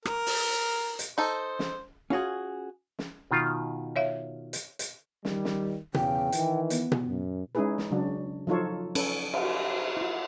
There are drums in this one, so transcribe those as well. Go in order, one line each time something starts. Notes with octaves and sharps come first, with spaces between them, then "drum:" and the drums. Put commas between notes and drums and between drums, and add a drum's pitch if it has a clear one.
A#4, drum: rim click
drum: open hi-hat
drum: hi-hat
D#4 A4 C5
drum: snare
C#4 F4 F#4 G#4
drum: snare
B2 D#3 F4
C#5 E5 F5
drum: hi-hat
drum: hi-hat
D#3 G3, drum: snare
drum: snare
E2 C#3 G5, drum: tom B2
D#3 E3, drum: hi-hat
B3, drum: hi-hat
drum: tom B2
F#2
G#3 C#4 D#4 E4 G#4 B4
drum: snare
C#3 F#3 D4
F3 F#3 D#4 F4 A4 C#5
C#4 A4 B4, drum: cymbal
drum: cymbal
E4 F4